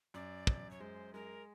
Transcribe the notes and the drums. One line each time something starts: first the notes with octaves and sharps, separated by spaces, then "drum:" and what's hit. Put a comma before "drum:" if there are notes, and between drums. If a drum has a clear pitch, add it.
F#2 D5
F#2, drum: kick
C#5
G#3 C5
G#3 A#4